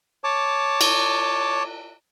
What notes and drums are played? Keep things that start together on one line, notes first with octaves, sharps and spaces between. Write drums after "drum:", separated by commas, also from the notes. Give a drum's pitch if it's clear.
C#5 A5 D6
drum: cymbal